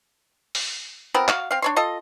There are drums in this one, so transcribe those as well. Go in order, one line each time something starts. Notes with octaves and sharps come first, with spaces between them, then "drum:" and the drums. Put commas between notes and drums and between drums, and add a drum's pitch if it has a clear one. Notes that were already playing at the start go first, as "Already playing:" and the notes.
drum: open hi-hat
B3 C4 F4 A#4
F#4 F5, drum: clap
C4 F5
D4 C#5 C6
F4 A4 D#5